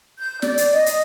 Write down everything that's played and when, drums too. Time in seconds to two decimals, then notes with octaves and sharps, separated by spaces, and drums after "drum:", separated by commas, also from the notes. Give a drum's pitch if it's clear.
0.18 G6
0.42 D5, drum: snare
0.57 drum: hi-hat
0.72 D#5
0.86 drum: hi-hat